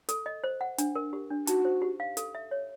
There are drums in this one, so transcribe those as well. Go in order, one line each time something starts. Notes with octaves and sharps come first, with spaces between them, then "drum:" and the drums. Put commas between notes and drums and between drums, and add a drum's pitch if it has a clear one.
A4, drum: hi-hat
D#5
C5
F#5
D4, drum: hi-hat
A#4
G4
D4
D#4 F#4, drum: hi-hat
C5
G4
F5
A4, drum: hi-hat
E5
C#5